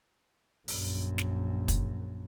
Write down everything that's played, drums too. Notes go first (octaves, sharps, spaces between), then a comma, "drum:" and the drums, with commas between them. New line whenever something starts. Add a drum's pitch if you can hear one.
A#1 F#2, drum: open hi-hat
drum: snare
drum: kick, hi-hat